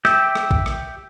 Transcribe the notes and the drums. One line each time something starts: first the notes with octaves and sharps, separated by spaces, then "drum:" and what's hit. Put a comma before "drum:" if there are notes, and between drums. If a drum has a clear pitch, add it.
G4 E5 G5, drum: rim click
drum: rim click
drum: kick
drum: rim click